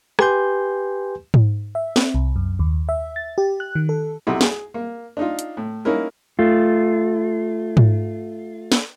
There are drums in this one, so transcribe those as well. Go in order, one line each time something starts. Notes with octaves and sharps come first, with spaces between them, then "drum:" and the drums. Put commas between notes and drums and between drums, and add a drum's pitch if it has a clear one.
G4 B4 G#5 C6 G6, drum: rim click
drum: tom G#2
E5
C4, drum: snare
C2
F#2
D#2
E5
A6
G4
F#6
D#3
A4
B1 C3 E4
G#4, drum: snare
A#3
D4 D#4 F4
drum: hi-hat
A2
A#3 C#4 D#4 E4 A#4
A3 F4
drum: tom G#2
drum: snare